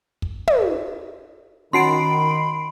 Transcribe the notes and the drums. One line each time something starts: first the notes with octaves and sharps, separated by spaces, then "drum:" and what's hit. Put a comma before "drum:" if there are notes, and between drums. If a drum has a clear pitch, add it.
drum: kick
drum: tom
D#3 C#4 F#4 A5 B5 C6 C7 D7